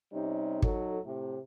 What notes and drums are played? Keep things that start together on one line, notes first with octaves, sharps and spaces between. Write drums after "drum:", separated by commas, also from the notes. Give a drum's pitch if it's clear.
C3 G3 C#4 D#4
F#3 D#4 A4, drum: kick
A2 C3